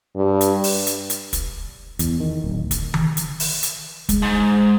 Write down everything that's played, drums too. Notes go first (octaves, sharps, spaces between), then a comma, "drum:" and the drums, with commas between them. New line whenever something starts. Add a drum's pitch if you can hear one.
G2
drum: hi-hat
drum: open hi-hat
drum: hi-hat
drum: hi-hat
drum: kick, hi-hat
E2, drum: hi-hat
D#3
D1
drum: kick, hi-hat
drum: tom D#3
drum: hi-hat
drum: open hi-hat
drum: hi-hat
G#3, drum: kick, hi-hat
G#2